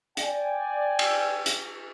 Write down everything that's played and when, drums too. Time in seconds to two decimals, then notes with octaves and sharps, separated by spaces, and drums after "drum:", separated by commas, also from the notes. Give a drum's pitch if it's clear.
0.17 D5 G5 G#5, drum: hi-hat
0.99 drum: cymbal
1.46 drum: hi-hat